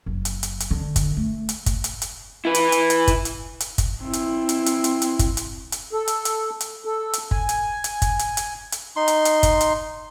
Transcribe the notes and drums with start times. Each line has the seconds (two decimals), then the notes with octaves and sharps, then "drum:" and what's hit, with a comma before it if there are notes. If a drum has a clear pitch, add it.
0.06 F#1
0.25 drum: hi-hat
0.43 drum: hi-hat
0.60 drum: hi-hat
0.71 D3
0.96 drum: kick, hi-hat
1.17 A3
1.49 drum: hi-hat
1.66 drum: kick, hi-hat
1.84 drum: hi-hat
2.02 drum: hi-hat
2.45 E4 B4
2.55 drum: hi-hat
2.72 drum: hi-hat
2.90 drum: hi-hat
3.07 drum: kick, hi-hat
3.25 drum: hi-hat
3.60 drum: hi-hat
3.78 drum: kick, hi-hat
4.04 C4 E4
4.13 drum: hi-hat
4.49 drum: hi-hat
4.66 drum: hi-hat
4.84 drum: hi-hat
5.02 drum: hi-hat
5.19 drum: kick, hi-hat
5.37 drum: hi-hat
5.72 drum: hi-hat
5.93 A4
6.08 drum: hi-hat
6.25 drum: hi-hat
6.60 drum: hi-hat
6.85 A4
7.13 drum: hi-hat
7.31 G#5, drum: kick
7.49 drum: hi-hat
7.84 drum: hi-hat
8.02 drum: kick, hi-hat
8.19 drum: hi-hat
8.37 drum: hi-hat
8.72 drum: hi-hat
8.96 D#4 C6
9.08 drum: hi-hat
9.25 drum: hi-hat
9.43 drum: kick, hi-hat
9.61 drum: hi-hat